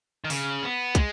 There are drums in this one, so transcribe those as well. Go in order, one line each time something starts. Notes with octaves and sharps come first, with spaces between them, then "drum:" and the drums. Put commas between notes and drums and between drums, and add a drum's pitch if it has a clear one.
D#3
C#3, drum: open hi-hat
B3
G#3, drum: kick, hi-hat